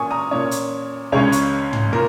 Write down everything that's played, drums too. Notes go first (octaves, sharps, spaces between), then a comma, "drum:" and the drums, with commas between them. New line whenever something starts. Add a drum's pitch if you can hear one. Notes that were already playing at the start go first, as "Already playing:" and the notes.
Already playing: A#2 A#3 C#4 G#5 C#6 D#6
A#5 D#6
A#2 A#3 C#4 C#5
drum: hi-hat
C#2 C#3 G#3 C#4 C#5
drum: hi-hat
drum: tom
A#2 A#4